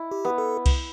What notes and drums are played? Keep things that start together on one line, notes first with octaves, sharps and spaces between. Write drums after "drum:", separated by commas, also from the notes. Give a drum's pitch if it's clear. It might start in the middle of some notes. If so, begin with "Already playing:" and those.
Already playing: E4
G4
B3
A4
drum: kick C2, cymbal